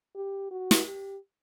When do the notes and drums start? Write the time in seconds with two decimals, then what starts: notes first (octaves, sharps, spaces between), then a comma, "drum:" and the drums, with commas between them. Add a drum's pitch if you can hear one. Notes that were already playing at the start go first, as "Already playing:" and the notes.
0.15 G4
0.51 F#4
0.71 drum: snare
0.86 G4